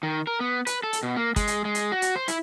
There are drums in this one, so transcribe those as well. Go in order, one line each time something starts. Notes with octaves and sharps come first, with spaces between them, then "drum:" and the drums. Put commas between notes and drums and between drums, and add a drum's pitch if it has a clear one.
D#3
A#4
B3
B4, drum: hi-hat
A4
drum: hi-hat
B2
A#3
G#3, drum: kick, hi-hat
drum: hi-hat
G#3
drum: hi-hat
F#4
drum: hi-hat
C5
E4, drum: hi-hat